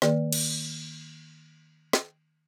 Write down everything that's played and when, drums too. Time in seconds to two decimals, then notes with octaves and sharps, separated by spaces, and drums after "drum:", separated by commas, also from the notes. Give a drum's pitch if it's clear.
0.02 D#3 A#3 G#4 B4 D5, drum: snare
0.33 drum: cymbal
1.93 drum: snare